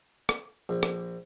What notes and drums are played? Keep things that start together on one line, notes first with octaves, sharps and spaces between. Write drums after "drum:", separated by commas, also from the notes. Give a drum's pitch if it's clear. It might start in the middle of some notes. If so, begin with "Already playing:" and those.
drum: rim click
A#1
drum: rim click